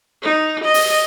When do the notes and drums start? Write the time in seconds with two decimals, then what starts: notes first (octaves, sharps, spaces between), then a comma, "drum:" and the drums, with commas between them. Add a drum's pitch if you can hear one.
0.22 D#4
0.64 D#5
0.74 drum: open hi-hat